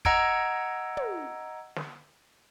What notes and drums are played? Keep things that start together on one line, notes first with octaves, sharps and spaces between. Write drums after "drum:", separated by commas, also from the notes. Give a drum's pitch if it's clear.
D#5 F#5 A#5 E6 G#6 D7, drum: kick
drum: tom
drum: snare